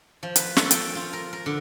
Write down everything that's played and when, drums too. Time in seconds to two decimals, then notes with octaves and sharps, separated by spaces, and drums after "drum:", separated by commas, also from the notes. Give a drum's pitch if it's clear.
0.23 F3
0.36 B4, drum: hi-hat
0.57 A4, drum: snare
0.71 G5, drum: hi-hat
0.95 F4
1.13 A#4
1.33 A#4
1.46 D3